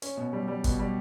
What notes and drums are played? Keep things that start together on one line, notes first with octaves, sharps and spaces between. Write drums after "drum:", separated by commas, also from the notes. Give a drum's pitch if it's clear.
C#4, drum: hi-hat
B2
G3
G3
B2, drum: kick G#1, hi-hat
G3